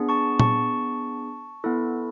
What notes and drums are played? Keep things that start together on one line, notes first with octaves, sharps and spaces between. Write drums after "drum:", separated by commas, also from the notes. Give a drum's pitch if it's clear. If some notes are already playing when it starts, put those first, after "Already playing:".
Already playing: B3 D4 G#4
A5 C#6
A5 C#6, drum: tom A#2
B3 E4 A4